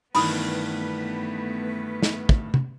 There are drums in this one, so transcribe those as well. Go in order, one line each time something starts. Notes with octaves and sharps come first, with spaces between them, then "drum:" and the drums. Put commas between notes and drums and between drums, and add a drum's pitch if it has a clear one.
G2 D#3 E3 A3 B3 B4 B5 D#6, drum: open hi-hat
drum: snare
drum: kick
drum: tom C3